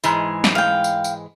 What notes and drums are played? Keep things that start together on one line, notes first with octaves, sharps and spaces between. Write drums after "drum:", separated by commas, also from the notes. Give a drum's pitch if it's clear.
G#2 E3 G#3, drum: tambourine
drum: snare
F5 G5
drum: tambourine
drum: tambourine